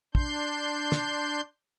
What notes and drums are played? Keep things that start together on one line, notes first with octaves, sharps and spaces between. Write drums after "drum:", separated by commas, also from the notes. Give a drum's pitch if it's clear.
D4 C6 G6, drum: kick
drum: snare